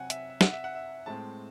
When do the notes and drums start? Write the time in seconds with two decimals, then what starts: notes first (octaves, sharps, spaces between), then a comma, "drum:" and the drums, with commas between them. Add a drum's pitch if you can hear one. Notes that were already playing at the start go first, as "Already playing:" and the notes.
Already playing: C3 F#3 C4 F#5 G#5
0.10 E5, drum: hi-hat
0.30 E5
0.41 F#5, drum: snare
0.52 E5
0.64 F#5
0.75 E5
1.06 A2 G#3 C4 A5